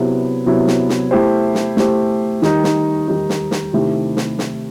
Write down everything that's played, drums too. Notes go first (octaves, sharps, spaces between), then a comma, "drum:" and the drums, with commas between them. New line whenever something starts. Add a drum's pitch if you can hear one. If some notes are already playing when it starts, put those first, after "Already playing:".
Already playing: C3 F#3 B3 E4
C3 F#3 B3 E4
drum: snare
drum: snare
A3 E4 G4 C5
drum: snare
A3 E4 G4 C5, drum: snare
D#3 G3 D#4, drum: snare
drum: snare
D#3 G3 D#4
drum: snare
drum: snare
C3 D#3 A3 E4 G4
drum: snare
drum: snare